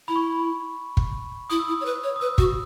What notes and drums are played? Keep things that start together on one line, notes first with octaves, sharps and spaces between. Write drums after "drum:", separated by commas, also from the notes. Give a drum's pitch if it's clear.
E4 B5
C#6
B5
drum: kick
E4 D#6
E6
E4 D#6
C#5
B4
C#5
D#6
B4 E6
F#4, drum: kick